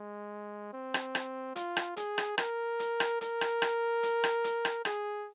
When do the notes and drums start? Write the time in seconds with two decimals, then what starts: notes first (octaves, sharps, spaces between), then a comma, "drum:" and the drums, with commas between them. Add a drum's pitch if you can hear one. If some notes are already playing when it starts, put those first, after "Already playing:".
Already playing: G#3
0.73 C4
0.94 drum: rim click
1.15 drum: rim click
1.56 F4, drum: hi-hat
1.77 drum: rim click
1.97 G#4, drum: hi-hat
2.18 drum: rim click
2.38 A#4, drum: rim click
2.79 drum: hi-hat
3.00 drum: rim click
3.21 A#4, drum: hi-hat
3.41 drum: rim click
3.62 drum: rim click
4.03 drum: hi-hat
4.24 drum: rim click
4.44 drum: hi-hat
4.65 drum: rim click
4.85 G#4, drum: rim click